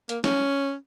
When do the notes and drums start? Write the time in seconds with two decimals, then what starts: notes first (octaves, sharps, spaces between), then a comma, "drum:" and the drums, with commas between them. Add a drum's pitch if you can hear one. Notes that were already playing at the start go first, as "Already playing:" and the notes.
0.09 A#3, drum: hi-hat
0.24 C#4, drum: snare